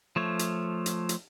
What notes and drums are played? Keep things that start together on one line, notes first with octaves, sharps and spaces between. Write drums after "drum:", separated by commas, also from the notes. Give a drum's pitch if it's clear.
F3 A3 C#5
drum: hi-hat
drum: hi-hat
drum: hi-hat